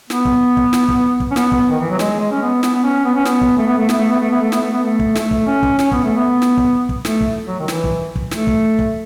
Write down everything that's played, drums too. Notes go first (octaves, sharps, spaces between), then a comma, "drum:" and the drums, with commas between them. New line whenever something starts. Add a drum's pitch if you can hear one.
B3, drum: snare
drum: kick
drum: kick
drum: snare
drum: kick
drum: kick
C#4
B3, drum: snare
drum: kick
D#3
E3
F#3
G#3, drum: snare
G#3
C#4
B3
B3, drum: snare
B3
C#4
B3
C#4
B3, drum: snare
drum: kick
A3
B3
A3
B3, drum: snare
A3
B3
A3
B3
A3
B3, drum: snare
A3
B3
A3
drum: kick
A3, drum: snare
drum: kick
C#4
drum: kick
C#4, drum: snare
B3, drum: kick
A3
B3
drum: snare
drum: kick
drum: kick
A3, drum: snare
drum: kick
F#3
D#3
E3, drum: snare
drum: kick
drum: kick
A3, drum: snare
drum: kick
drum: kick